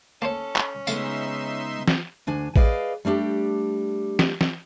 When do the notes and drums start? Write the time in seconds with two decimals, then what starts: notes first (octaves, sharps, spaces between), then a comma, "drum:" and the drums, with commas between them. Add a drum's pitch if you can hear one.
0.22 A#3 C#4 A4 C5 C#5
0.56 drum: clap
0.87 C#3 G#3 A3 B3 D#4 E5 F5 C6, drum: tambourine
1.88 drum: snare
2.27 D2 D4 G#5
2.56 G#4 B4 D5 D#5 F5, drum: kick A1
3.05 G3 A3 D4 G4
4.19 drum: snare
4.41 drum: snare